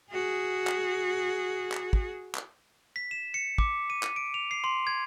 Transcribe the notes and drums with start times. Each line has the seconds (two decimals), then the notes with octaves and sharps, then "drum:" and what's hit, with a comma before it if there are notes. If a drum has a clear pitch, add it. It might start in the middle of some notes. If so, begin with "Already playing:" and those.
0.12 F#4 G#4
0.67 drum: clap
1.72 drum: clap
1.93 drum: kick
2.35 drum: clap
2.96 B6
3.11 E7
3.34 C#7
3.58 D6, drum: kick
3.90 D#7
4.03 drum: clap
4.16 D7
4.34 F7
4.51 C7
4.64 C6
4.87 G#6